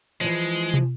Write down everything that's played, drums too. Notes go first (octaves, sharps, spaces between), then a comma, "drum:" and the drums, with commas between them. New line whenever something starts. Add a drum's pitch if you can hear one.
E3 F3 G#3
drum: tom